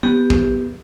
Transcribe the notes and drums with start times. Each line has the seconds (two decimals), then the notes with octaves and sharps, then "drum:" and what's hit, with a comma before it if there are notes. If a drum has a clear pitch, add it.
0.03 B3 G4
0.30 drum: kick